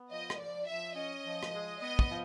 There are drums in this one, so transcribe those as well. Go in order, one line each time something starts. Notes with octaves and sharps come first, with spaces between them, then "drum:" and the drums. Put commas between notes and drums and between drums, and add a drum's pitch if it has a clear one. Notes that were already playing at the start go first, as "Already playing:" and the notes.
Already playing: B3
F3 D#5
drum: rim click
F3 D5
F3 E5
C#4 D#5
F3
drum: rim click
G#3
B3 D#5
drum: kick
F3